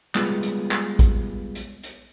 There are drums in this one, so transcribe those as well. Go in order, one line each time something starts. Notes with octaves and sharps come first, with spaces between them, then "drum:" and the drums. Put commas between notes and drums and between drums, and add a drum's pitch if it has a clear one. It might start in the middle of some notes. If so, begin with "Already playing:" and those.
G3 G#3 B3 F4 G#4 B4, drum: clap
drum: hi-hat
drum: clap
drum: kick A1, hi-hat
drum: hi-hat
drum: hi-hat